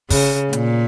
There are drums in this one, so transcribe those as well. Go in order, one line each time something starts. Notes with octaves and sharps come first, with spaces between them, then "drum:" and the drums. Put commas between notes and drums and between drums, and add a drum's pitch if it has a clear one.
C#3, drum: kick, open hi-hat
A#2, drum: hi-hat